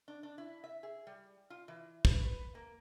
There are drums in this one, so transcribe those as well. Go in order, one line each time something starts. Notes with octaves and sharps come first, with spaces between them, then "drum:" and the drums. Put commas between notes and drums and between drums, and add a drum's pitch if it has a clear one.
D4
D4
E4
E5
G#4
G3
F4
E3
B4, drum: kick
B4
A#3